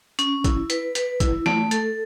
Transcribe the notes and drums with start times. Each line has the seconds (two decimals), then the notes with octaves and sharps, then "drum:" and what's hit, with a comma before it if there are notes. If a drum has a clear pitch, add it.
0.19 C#4, drum: hi-hat
0.44 E4, drum: kick, hi-hat
0.70 B4, drum: hi-hat
0.95 B4, drum: hi-hat
1.20 E4, drum: kick, hi-hat
1.46 A3, drum: snare
1.71 A4, drum: hi-hat